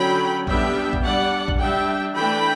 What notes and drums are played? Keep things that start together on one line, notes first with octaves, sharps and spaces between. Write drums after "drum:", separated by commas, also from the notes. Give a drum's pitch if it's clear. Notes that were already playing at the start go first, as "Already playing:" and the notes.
Already playing: D3 F#3 C#4 G5 B5
G3 B3 D4 E5 G5, drum: kick A#1
drum: kick A#1
G3 D4 D5 F#5
drum: kick A#1
G3 D4 E5 G5
E3 A3 D4 G5 B5